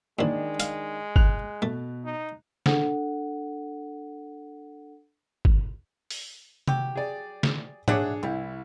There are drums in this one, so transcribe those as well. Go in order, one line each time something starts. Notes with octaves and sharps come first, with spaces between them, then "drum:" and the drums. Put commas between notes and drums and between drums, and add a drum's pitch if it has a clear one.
A#2 D#3 E3 G#3 D4
F5, drum: hi-hat
F#6 F7, drum: kick G1
B2 A3
D#4
D4 A4 F#5, drum: snare
drum: kick G1
drum: open hi-hat
F#3 G4, drum: tom C3
G#4 D5
drum: snare
D4 G#4 C#5 D5 E5 F#5, drum: tom G#2
C2 G3 E4